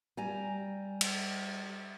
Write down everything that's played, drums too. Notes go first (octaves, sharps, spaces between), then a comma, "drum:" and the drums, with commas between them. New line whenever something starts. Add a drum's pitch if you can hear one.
G3 G#5 A#5
drum: cymbal